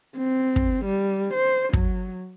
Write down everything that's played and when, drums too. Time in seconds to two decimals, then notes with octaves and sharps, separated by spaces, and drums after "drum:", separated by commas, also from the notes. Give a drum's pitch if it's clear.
0.17 C4
0.56 drum: kick
0.85 G3
1.34 C5
1.73 F#3, drum: kick